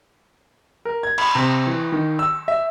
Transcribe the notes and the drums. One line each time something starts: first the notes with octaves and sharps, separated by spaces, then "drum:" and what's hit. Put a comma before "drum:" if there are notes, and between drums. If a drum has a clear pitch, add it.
A#4
G#6
B5, drum: cymbal
C3
E3
D#3
E6
E5